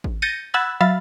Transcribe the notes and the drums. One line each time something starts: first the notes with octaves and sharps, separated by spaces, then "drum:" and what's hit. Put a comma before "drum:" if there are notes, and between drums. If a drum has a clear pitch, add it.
drum: kick G#1
G6 A6 A#6 C#7 D#7
F#5 B5 E6 F#6 G#6 A6
F#3 E5 F5 B5 A6